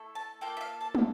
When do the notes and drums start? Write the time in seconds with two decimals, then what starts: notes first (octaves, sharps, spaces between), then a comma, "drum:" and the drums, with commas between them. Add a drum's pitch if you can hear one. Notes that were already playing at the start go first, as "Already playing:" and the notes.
Already playing: A3 E4 A4
0.15 A5
0.41 A#3 F4 A4 G5
0.57 E5
0.61 F5
0.81 A5
0.95 drum: tom